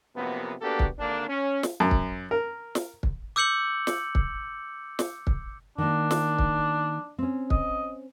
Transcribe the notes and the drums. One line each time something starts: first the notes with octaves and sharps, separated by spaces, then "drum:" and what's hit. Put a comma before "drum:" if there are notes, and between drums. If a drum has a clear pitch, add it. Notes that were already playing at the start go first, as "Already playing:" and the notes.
F#2 C3 F3 A#3 B3
A#3 B3 D4 F#4 G4 A4
drum: kick
G#1 D3 A#3 D4
C#4
drum: snare
F#2
drum: kick
A#4
drum: snare
drum: kick
D6 E6 G6 C#7 F#7
drum: snare
drum: kick
drum: snare
drum: kick
D#3 A#3 D4
drum: snare
drum: kick
C4 C#4
D#5, drum: kick